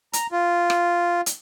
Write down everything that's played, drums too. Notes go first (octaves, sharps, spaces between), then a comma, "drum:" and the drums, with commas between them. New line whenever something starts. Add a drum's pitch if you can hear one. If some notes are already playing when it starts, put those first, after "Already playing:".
A#5, drum: hi-hat
F4
drum: rim click
drum: hi-hat